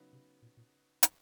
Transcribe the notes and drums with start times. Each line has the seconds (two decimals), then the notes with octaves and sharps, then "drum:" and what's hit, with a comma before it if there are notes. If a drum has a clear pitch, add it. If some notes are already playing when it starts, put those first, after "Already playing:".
Already playing: C#3 F#3 B3 D#4
0.13 C3
0.42 A#2
0.57 A#2
1.03 drum: hi-hat